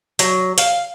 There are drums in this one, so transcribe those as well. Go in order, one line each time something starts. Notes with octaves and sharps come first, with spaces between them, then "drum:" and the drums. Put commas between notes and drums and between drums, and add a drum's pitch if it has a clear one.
F#3, drum: hi-hat
F5, drum: hi-hat